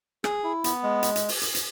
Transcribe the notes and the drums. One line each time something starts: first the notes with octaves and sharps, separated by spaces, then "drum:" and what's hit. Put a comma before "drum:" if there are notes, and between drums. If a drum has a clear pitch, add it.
G#4, drum: rim click
E4
B3, drum: hi-hat
G#3
drum: hi-hat
drum: hi-hat
drum: open hi-hat
drum: hi-hat
drum: hi-hat